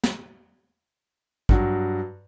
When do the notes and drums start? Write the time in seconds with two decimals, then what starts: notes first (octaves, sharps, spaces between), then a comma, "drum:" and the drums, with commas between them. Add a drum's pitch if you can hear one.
0.04 drum: snare
1.49 G2 F#3, drum: kick